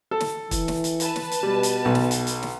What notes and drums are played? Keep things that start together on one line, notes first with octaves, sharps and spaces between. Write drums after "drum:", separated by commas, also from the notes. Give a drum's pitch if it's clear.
A4
drum: snare
E3, drum: kick, hi-hat
drum: snare
drum: hi-hat
B4 A5, drum: hi-hat
drum: snare
drum: hi-hat
B2 G3
drum: hi-hat
B1
drum: snare
drum: hi-hat
drum: hi-hat
drum: snare